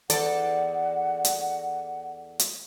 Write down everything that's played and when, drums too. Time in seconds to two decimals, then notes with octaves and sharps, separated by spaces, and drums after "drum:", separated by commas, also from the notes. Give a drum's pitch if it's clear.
0.10 E2 A4 D5 F#5, drum: hi-hat
1.25 drum: hi-hat
2.39 drum: hi-hat